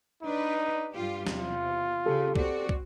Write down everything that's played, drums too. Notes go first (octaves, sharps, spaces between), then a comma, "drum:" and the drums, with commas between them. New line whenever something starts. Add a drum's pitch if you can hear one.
D4 D#4 B4 D5
G2 F4 G4
E2 C3 F4, drum: snare F#3
C#3 G4 A4
C4 F#4 D5, drum: kick
drum: kick